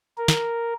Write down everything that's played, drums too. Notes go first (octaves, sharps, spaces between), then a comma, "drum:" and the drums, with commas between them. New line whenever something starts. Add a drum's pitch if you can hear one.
A#4
drum: snare